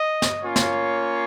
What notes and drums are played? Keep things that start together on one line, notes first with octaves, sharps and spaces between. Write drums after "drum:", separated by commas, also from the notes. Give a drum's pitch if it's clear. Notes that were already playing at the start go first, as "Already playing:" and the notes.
Already playing: D#5
drum: snare
A#3 C#4 F4 C#5
drum: snare